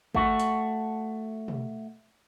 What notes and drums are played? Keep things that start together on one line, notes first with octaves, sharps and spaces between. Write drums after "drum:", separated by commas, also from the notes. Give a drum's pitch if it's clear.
A3 F#4, drum: kick G#1
drum: hi-hat
drum: tom B2